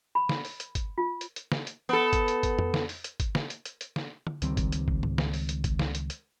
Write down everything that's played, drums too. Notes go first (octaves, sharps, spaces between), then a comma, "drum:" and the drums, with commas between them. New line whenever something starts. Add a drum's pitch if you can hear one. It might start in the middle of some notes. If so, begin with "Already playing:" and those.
B5
drum: snare
drum: open hi-hat
drum: hi-hat
drum: kick, hi-hat
F4
drum: hi-hat
drum: hi-hat
drum: snare
drum: hi-hat
B3 A4
drum: kick, hi-hat
drum: hi-hat
drum: kick, hi-hat
drum: tom F2
drum: snare
drum: open hi-hat
drum: hi-hat
drum: kick, hi-hat
drum: snare
drum: hi-hat
drum: hi-hat
drum: hi-hat
drum: snare
drum: tom
C#2 D#3 G3 C4, drum: hi-hat
drum: kick, hi-hat
drum: hi-hat
drum: kick
drum: tom G#2
drum: snare
drum: open hi-hat
drum: hi-hat
drum: kick, hi-hat
drum: snare
drum: hi-hat
drum: hi-hat